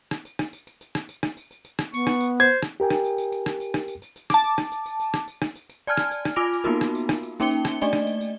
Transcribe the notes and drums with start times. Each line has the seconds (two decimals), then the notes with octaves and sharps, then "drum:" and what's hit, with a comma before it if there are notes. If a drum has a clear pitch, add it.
0.11 drum: rim click
0.25 drum: tambourine
0.39 drum: rim click
0.53 drum: tambourine
0.67 drum: tambourine
0.81 drum: tambourine
0.95 drum: rim click
1.09 drum: tambourine
1.23 drum: rim click
1.37 drum: tambourine
1.51 drum: tambourine
1.65 drum: tambourine
1.79 drum: rim click
1.94 B3 C#6, drum: tambourine
2.07 drum: rim click
2.21 drum: tambourine
2.40 C5 G#6
2.63 drum: rim click
2.80 G4 A#4 G5 G#5
2.90 drum: rim click
3.04 drum: tambourine
3.18 drum: tambourine
3.32 drum: tambourine
3.46 drum: rim click
3.60 drum: tambourine
3.74 drum: rim click
3.88 drum: tambourine
4.02 drum: tambourine
4.16 drum: tambourine
4.30 A5 D6, drum: rim click
4.44 drum: tambourine
4.58 drum: rim click
4.72 drum: tambourine
4.86 drum: tambourine
5.00 drum: tambourine
5.14 drum: rim click
5.28 drum: tambourine
5.42 drum: rim click
5.56 drum: tambourine
5.70 drum: tambourine
5.87 D5 G#5 A5 F6 G#6
5.97 drum: rim click
6.11 drum: tambourine
6.25 drum: rim click
6.36 F4 G#5 D6 A#6 D7 F7
6.53 drum: tambourine
6.64 A#3 B3 D#4 F4 F#4 A#4
6.81 drum: rim click
6.95 drum: tambourine
7.09 drum: rim click
7.23 drum: tambourine
7.40 A#3 C#4 D#4 G5 C#7 G7, drum: tambourine
7.51 drum: tambourine
7.65 drum: rim click
7.82 A3 D4 D5 D#5 G7, drum: tambourine
7.93 drum: rim click
8.07 drum: tambourine
8.21 drum: tambourine